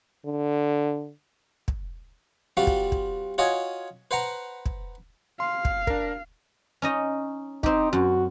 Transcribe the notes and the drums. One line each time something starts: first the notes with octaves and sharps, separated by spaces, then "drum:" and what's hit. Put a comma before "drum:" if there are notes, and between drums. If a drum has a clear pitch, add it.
D3
drum: kick
G3 C4 F4 F#4
drum: kick
drum: kick
F4 F#4 C#5 D#5 G#5
B4 C5 F#5 A#5
drum: kick
F5 C6
drum: kick
D4 A#4, drum: kick
C#4 D#4 D#5
C4 D#4 G4, drum: kick
F#2 F#4